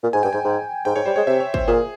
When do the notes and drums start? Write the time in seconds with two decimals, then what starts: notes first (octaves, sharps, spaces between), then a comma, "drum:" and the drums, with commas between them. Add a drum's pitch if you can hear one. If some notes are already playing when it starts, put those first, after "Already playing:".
0.03 A#2
0.13 G#2 G#5
0.23 G2 G5
0.33 G#2 G#5
0.44 G#2
0.85 G#2 G5
0.96 G#2 C#5
1.06 G3 C5
1.16 G#3 C#5
1.27 C3 E5
1.40 C#5
1.54 C5, drum: kick
1.67 A#2 G#4